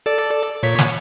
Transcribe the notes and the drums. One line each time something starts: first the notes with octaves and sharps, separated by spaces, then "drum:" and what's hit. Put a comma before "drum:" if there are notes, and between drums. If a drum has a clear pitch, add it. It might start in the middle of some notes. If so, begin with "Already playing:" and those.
A4 D5
A#2 C#5 B6
drum: snare